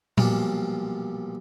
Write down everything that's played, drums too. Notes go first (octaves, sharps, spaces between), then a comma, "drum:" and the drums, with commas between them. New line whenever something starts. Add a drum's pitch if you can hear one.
B1 A#2 F3 G3, drum: tom